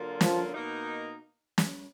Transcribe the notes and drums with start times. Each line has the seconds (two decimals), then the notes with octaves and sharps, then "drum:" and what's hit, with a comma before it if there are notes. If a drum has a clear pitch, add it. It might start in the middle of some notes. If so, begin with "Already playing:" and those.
Already playing: D3 F#3 A#3 F4
0.21 F3, drum: snare
0.53 B2 A#3 D#4
1.58 drum: snare